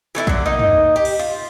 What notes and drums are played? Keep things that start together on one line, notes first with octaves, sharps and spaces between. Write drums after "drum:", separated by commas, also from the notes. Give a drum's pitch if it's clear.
E3 A3 D#4 E4
D3 F#3, drum: kick A#1
A#3 D#4 D#5
drum: tom
G4
drum: cymbal
F4